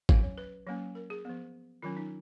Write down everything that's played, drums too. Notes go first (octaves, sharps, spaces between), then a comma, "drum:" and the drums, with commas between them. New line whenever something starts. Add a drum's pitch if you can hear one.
F#3 C#4 F5, drum: kick
C#5
B4
F#3 A#3 C#4
A#4
G#4
F3 B3
D#3 F#3 C#4 F4
D#4